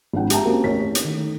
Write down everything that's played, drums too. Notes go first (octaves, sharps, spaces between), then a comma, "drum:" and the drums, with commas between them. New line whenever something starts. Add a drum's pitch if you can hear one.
G#1 F3 G#3 D4 F#5 G5
G4 E5 G5 A5 A#5, drum: hi-hat
A#3 C4 C#4 F#4 G4 A#4
A1 E2 C#4 C#5 B6
G4 C#5
drum: hi-hat
D#3 A3